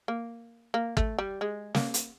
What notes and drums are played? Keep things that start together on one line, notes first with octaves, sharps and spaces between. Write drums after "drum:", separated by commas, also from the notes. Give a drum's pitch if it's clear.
A#3
A#3
A3, drum: kick
G3
G#3
A#3, drum: snare
drum: hi-hat